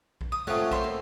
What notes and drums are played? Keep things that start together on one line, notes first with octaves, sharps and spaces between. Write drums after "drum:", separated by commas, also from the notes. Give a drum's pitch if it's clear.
drum: kick A#1
D#6
A3 C4 C#4 F4 A4 F#5
C5 C#5 E5 C6, drum: kick A#1
A#3